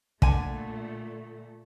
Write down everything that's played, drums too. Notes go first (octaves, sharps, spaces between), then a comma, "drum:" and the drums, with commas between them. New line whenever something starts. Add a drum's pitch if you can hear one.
A#2 D3 A3 G#5, drum: kick